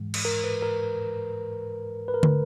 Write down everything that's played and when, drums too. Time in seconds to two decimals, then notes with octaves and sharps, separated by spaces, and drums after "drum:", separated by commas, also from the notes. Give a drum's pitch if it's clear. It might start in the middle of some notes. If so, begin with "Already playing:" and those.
Already playing: G#2 E3 G#3
0.14 drum: cymbal
0.25 A#4
0.44 B4
0.62 A#4
2.08 B4
2.14 A#4
2.23 drum: tom